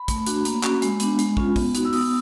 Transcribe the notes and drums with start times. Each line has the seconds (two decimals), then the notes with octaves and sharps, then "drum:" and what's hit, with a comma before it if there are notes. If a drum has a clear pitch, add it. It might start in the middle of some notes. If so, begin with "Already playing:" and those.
Already playing: B5
0.08 A3, drum: kick, hi-hat
0.26 D4 F#4, drum: hi-hat
0.45 A#3, drum: hi-hat
0.63 C#4 F#4, drum: clap
0.82 G#3, drum: hi-hat
1.00 B3 D4, drum: hi-hat
1.19 G#3, drum: hi-hat
1.37 C#4 F4, drum: kick
1.56 B3, drum: kick, open hi-hat
1.75 D#4 F#4, drum: hi-hat
1.85 E6
1.93 B3 D#6, drum: open hi-hat